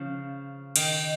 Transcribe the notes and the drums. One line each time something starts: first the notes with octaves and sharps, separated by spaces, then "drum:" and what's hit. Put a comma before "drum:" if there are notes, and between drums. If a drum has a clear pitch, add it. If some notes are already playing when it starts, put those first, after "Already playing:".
Already playing: C#3 F3
D#3, drum: cymbal